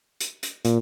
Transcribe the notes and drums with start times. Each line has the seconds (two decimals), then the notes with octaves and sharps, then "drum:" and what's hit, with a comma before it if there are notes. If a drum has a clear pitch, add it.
0.20 drum: hi-hat
0.43 drum: hi-hat
0.65 A#2, drum: hi-hat